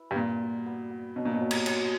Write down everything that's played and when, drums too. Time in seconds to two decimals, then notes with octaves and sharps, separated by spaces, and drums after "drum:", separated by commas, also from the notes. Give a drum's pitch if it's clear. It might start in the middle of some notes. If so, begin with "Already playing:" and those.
Already playing: E4 B4
0.11 G2
0.15 A#2 B3
0.41 F#4
0.66 B3
0.90 B3
1.16 B2 F#3
1.25 A#2
1.34 B2
1.41 F#3
1.51 drum: cymbal
1.66 F#3, drum: cymbal